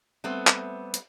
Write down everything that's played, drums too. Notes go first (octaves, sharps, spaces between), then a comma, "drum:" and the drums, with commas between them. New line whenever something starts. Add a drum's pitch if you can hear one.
G3 A3 B3 C4
drum: clap
drum: hi-hat